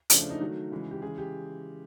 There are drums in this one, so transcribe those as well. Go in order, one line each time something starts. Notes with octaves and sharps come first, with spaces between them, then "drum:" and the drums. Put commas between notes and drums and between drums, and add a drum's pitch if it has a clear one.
C#3 F3 A3 D4, drum: hi-hat
D4
D#4
D#3 F#3 A3 F#4
C#3 E3 G#3
G4
C#3 E3 G#3 G#4
G4